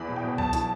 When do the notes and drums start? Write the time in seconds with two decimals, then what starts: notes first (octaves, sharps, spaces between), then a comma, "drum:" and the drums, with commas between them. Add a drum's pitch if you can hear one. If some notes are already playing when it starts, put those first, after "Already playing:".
Already playing: E2 E3 B5
0.09 B2
0.16 G5
0.24 B2
0.38 F#2 A5, drum: kick C#2
0.53 E3, drum: hi-hat